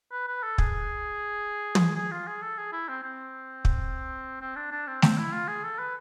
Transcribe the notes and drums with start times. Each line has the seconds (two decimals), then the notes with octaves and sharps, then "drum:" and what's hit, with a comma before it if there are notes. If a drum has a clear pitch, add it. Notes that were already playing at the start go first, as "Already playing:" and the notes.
0.12 B4
0.27 B4
0.43 A4
0.58 G#4, drum: kick
1.75 drum: tom
1.96 G#4
2.11 F4
2.27 G#4
2.42 A4
2.57 G#4
2.73 E4
2.88 C4
3.03 C4
3.65 drum: kick
4.41 C4
4.56 D4
4.71 D4
4.87 C4
5.02 C4, drum: snare A3
5.18 E4
5.33 F4
5.48 G#4
5.64 A4
5.79 B4